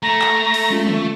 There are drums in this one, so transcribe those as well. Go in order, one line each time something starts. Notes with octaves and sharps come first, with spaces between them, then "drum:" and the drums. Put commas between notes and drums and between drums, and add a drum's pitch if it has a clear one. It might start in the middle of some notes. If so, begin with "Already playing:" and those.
A3 A#5
drum: clap
drum: open hi-hat
G#3 C#4 F4
drum: tom